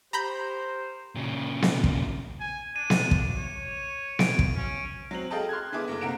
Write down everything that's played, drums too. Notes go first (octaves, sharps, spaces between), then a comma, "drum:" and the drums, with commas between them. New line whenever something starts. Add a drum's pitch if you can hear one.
G4 A#4 C5 A#5 B5 G6
A#2 C#3
drum: snare B3
drum: kick
G#5
D4 D#7
drum: snare B3
drum: kick
C#5
D7, drum: snare B3
drum: kick
C#4
F#3 C4 F#7
G#4 A4 D#5 F5 G5 A5
C6 F6 F#6 G#6
D3 B3 E4 G#4 D6
F#1 A3 D6
C3 A#3 F#5 A#5 D7 E7